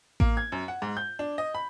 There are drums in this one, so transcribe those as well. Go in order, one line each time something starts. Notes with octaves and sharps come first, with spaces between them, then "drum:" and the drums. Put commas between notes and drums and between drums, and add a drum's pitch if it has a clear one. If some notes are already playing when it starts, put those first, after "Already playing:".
A#3, drum: kick A1
G#6
F#2
F#5
G#2
G6
D4
D#5
B5